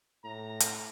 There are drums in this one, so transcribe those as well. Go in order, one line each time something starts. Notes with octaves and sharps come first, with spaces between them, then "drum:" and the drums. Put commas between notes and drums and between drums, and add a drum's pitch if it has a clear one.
A2 A#5
drum: hi-hat